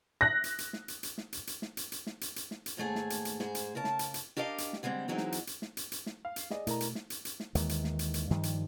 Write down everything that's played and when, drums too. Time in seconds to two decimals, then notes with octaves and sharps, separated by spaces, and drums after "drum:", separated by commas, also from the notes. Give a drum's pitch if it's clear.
0.21 F#6 A#6
0.44 drum: hi-hat
0.58 drum: hi-hat
0.73 drum: snare
0.88 drum: hi-hat
1.03 drum: hi-hat
1.18 drum: snare
1.33 drum: hi-hat
1.47 drum: hi-hat
1.62 drum: snare
1.77 drum: hi-hat
1.92 drum: hi-hat
2.07 drum: snare
2.21 drum: hi-hat
2.36 drum: hi-hat
2.51 drum: snare
2.66 drum: hi-hat
2.77 D#2 G#2 A3 G#4 A4
2.95 drum: snare
3.10 drum: hi-hat
3.25 drum: hi-hat
3.40 G#2 G#4 C5, drum: snare
3.55 drum: hi-hat
3.75 C#3 A#4 A5
3.84 drum: snare
3.99 drum: hi-hat
4.14 drum: hi-hat
4.37 D4 G4 A#4 D#5 F5
4.58 drum: hi-hat
4.73 drum: snare
4.83 D3 G3 G#3 C4
5.08 E3 F#3 G#3 C4 D4 D#4
5.18 drum: snare
5.32 drum: hi-hat
5.47 drum: hi-hat
5.62 drum: snare
5.77 drum: hi-hat
5.92 drum: hi-hat
6.06 drum: snare
6.25 F5
6.36 drum: hi-hat
6.50 G#4 D5 D#5, drum: snare
6.67 B2 A3 E4 A#4 A#5, drum: hi-hat
6.80 drum: hi-hat
6.95 drum: snare
7.10 drum: hi-hat
7.25 drum: hi-hat
7.40 drum: snare
7.55 D#2 D#3 E3 G#3, drum: hi-hat
7.69 drum: hi-hat
7.84 drum: snare
7.99 drum: hi-hat
8.14 drum: hi-hat
8.30 G2 D#3 F3 G3, drum: snare
8.43 drum: hi-hat